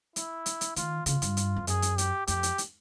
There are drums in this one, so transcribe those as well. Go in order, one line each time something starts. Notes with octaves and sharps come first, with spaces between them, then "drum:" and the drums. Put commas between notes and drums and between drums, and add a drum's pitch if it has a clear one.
E4, drum: hi-hat
drum: hi-hat
drum: hi-hat
D#3 F4, drum: hi-hat
C#3 F4, drum: hi-hat
G2, drum: hi-hat
drum: hi-hat
F2
F#2 G#4, drum: hi-hat
drum: hi-hat
G4, drum: hi-hat
F2 G4, drum: hi-hat
drum: hi-hat
drum: hi-hat